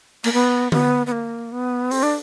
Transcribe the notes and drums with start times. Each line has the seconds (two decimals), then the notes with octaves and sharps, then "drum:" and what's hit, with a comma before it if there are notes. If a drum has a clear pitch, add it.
0.24 A#3, drum: cymbal
0.33 B3
0.72 B3, drum: tom D3
1.06 B3
1.12 A#3
1.52 B3
1.91 C4, drum: open hi-hat
2.03 D4